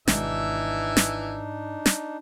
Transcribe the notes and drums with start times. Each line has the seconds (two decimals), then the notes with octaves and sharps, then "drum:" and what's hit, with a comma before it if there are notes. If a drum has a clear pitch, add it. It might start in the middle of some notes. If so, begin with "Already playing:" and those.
0.08 G#1 G#2 B2 E3 D4 D#4 E5, drum: snare
0.97 drum: snare
1.86 drum: snare